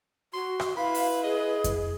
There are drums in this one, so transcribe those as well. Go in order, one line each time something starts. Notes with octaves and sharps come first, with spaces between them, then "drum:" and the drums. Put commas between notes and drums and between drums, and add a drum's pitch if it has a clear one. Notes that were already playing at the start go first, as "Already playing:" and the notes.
F#4 C6
drum: rim click
E4 B4 F5 B5
drum: open hi-hat
G#4 D#5
drum: kick F2, hi-hat